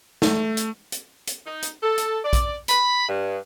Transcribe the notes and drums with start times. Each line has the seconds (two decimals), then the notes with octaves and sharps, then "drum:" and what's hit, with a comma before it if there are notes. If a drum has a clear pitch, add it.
0.22 A3, drum: snare
0.57 drum: hi-hat
0.92 drum: hi-hat
1.27 drum: hi-hat
1.45 D#4
1.62 drum: hi-hat
1.82 A4
1.98 drum: hi-hat
2.24 D5
2.33 drum: kick A#1, hi-hat
2.68 B5, drum: hi-hat
3.09 G2